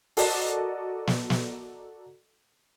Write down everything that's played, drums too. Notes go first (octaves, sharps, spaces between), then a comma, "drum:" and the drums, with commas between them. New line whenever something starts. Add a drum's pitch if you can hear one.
F#4 A4 A#4 D5 D#5 A5, drum: open hi-hat
drum: snare
drum: snare